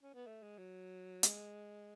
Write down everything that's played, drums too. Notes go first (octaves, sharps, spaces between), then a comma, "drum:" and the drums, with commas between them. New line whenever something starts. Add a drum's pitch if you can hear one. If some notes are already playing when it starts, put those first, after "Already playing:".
C#4
B3
A3
G#3
F#3
G#3, drum: hi-hat